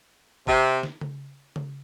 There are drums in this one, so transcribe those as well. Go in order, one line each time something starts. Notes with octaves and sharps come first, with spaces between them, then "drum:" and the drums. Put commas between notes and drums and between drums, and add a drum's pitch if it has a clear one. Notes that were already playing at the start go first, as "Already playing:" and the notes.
C3, drum: kick
drum: snare
drum: tom C#3
drum: tom C#3